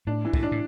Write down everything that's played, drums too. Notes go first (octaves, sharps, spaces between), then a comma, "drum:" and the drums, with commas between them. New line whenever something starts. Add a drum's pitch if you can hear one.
A2 D4
E3
A2, drum: kick
D4
A2